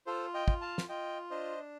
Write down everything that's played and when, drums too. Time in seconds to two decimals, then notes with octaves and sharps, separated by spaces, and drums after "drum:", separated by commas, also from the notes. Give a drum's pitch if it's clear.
0.06 F4 A4 C5
0.34 D#5 G5
0.48 F4, drum: kick
0.61 F5 A5
0.78 drum: snare
0.89 F4 D#5 G5
1.31 D4 C5 D#5